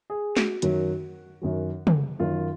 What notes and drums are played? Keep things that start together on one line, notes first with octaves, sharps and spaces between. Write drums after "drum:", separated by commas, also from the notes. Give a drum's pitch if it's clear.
G#4
F#4, drum: snare
F#2 D#3 F#3 F#4, drum: hi-hat
F#2 D#3 F#3
drum: tom
F#2 D#3 F#3 F4